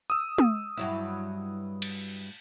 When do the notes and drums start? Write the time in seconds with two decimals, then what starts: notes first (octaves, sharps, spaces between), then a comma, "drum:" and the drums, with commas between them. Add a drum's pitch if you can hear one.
0.10 D#6 E6
0.38 drum: tom
0.77 G2 F#3 E4
1.82 drum: cymbal